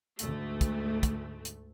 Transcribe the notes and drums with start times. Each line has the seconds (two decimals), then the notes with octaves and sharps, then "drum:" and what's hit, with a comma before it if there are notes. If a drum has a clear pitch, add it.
0.19 D2 G#2 A3, drum: hi-hat
0.61 drum: kick, hi-hat
1.03 drum: kick, hi-hat
1.45 drum: hi-hat